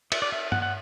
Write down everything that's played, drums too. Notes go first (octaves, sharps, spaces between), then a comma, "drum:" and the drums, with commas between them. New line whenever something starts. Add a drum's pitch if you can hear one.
E5, drum: cymbal
D5
E5
F#5, drum: tom G2
F#5